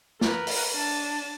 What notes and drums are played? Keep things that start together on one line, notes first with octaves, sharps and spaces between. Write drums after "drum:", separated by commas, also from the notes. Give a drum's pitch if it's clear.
A#4 B4, drum: snare
drum: open hi-hat
D4 A5